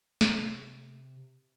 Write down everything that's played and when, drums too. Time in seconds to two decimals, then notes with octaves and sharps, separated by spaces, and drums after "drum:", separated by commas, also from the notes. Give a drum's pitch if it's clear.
0.21 C3, drum: snare